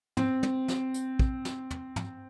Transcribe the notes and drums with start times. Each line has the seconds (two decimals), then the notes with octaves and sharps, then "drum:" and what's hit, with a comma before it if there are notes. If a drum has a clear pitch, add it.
0.17 C4, drum: tom
0.43 drum: tom
0.68 drum: snare
0.94 drum: hi-hat
1.19 drum: kick
1.45 drum: snare
1.71 drum: tom
1.96 drum: tom